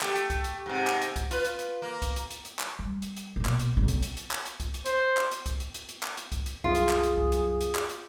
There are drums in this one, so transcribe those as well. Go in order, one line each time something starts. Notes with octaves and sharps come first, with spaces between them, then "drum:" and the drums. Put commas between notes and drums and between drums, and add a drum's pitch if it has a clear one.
A3 G4, drum: clap
drum: hi-hat
drum: kick C2, hi-hat
drum: hi-hat
G#2 C3
drum: clap
drum: hi-hat
drum: kick C2, hi-hat
F4 B4, drum: hi-hat
drum: hi-hat
drum: hi-hat
A#3
drum: kick C2, hi-hat
drum: hi-hat
drum: hi-hat
drum: hi-hat
drum: clap
G3
drum: hi-hat
drum: hi-hat
A#1 B2
drum: clap
drum: hi-hat
B1 C#3
drum: hi-hat
drum: hi-hat
drum: hi-hat
drum: clap
drum: hi-hat
drum: kick C2, hi-hat
drum: hi-hat
C5, drum: hi-hat
drum: clap
drum: hi-hat
drum: kick C2, hi-hat
drum: hi-hat
drum: hi-hat
drum: hi-hat
drum: clap
drum: hi-hat
drum: kick C2, hi-hat
drum: hi-hat
C2 F#2 F4 G#4
drum: hi-hat
drum: clap
drum: hi-hat
drum: kick C2
drum: hi-hat
drum: hi-hat
drum: clap
drum: hi-hat